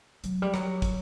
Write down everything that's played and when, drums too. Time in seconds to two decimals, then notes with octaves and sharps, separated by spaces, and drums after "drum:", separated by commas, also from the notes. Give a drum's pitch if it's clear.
0.24 F#3, drum: hi-hat
0.42 G3
0.54 F#3, drum: rim click
0.82 drum: kick, hi-hat